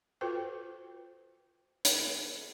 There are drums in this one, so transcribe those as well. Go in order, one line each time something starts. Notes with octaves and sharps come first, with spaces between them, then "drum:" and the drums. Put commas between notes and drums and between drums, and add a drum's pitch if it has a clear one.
F4 F#4 A4 B4 C5 G5
drum: hi-hat